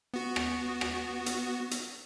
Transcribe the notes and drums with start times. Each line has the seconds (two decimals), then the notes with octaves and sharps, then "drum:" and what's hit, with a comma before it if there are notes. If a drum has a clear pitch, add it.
0.14 B3 F#4
0.36 drum: rim click
0.81 drum: rim click
1.26 drum: hi-hat
1.71 drum: hi-hat